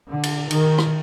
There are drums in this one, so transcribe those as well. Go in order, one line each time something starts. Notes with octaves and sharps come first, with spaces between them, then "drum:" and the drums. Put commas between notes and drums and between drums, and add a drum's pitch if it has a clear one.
D3
drum: cymbal
D#3, drum: cymbal
drum: rim click